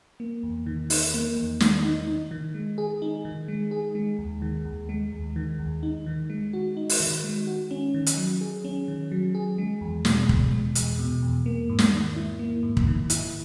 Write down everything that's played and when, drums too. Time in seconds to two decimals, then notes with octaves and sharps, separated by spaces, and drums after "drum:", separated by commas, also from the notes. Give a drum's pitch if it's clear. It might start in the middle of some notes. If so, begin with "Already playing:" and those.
0.20 A#3
0.43 E2
0.66 D#3
0.90 D#4, drum: open hi-hat
1.14 A#3
1.37 E2
1.60 D#3, drum: snare
1.84 D#4
2.07 D#4
2.31 D#3
2.54 G#3
2.78 G#4
3.02 D#4
3.25 D#3
3.48 G#3
3.71 G#4
3.95 G#3
4.19 D#2
4.42 D#3
4.65 D#2
4.89 G#3
5.13 D#2
5.36 D#3
5.59 D#2
5.83 D#4
6.06 D#3
6.30 G#3
6.53 F#4
6.77 D#4
6.89 drum: open hi-hat
7.00 D#3
7.24 G#3
7.47 F#4
7.71 C#4
7.94 D#3
8.06 drum: hi-hat
8.17 F#3
8.41 G#4
8.65 C#4
8.88 D#3
9.12 F#3
9.35 G#4
9.58 G#3
9.81 E2
10.05 B2, drum: snare
10.29 E2, drum: kick
10.52 G#3
10.75 E2, drum: hi-hat
10.99 B2
11.22 E2
11.46 A#3
11.69 G#2
11.79 drum: snare
11.93 D#3
12.16 E4
12.39 A#3
12.63 G#2
12.77 drum: kick
12.87 D#3
13.10 E4, drum: hi-hat